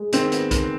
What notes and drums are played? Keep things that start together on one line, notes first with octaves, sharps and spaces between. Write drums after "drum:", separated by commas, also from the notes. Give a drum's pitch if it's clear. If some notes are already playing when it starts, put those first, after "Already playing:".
Already playing: G#3
D#3 C4, drum: hi-hat
B3, drum: hi-hat
D#3, drum: kick B1, hi-hat